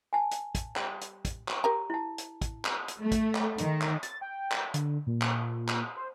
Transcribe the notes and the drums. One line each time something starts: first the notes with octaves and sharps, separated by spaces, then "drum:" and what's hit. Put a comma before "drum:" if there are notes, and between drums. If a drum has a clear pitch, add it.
G#5 A5
drum: hi-hat
drum: kick, hi-hat
G3, drum: clap
drum: hi-hat
drum: kick, hi-hat
drum: clap
G4 A#4 A#5
E4 A5
drum: hi-hat
drum: kick, hi-hat
drum: clap
drum: hi-hat
A3
drum: kick, hi-hat
drum: clap
D#3, drum: hi-hat
drum: clap
A6, drum: hi-hat
G5
drum: clap
D3, drum: hi-hat
A#2
drum: clap
drum: clap
C5